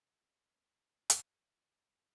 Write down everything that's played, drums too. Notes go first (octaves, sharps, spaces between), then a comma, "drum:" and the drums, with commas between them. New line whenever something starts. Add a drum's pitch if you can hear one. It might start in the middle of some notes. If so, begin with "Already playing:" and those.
G#3 G#5 F6
drum: hi-hat